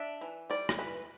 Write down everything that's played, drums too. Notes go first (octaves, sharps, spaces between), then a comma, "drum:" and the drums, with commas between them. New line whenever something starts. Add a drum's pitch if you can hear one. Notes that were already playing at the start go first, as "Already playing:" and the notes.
Already playing: D4 E5
E3
G3 D5
drum: rim click
E3 B4